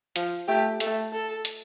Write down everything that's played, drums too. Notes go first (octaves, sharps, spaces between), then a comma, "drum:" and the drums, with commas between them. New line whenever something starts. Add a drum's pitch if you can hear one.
F3, drum: hi-hat
A3 G4
A3 A4, drum: hi-hat
A4
drum: hi-hat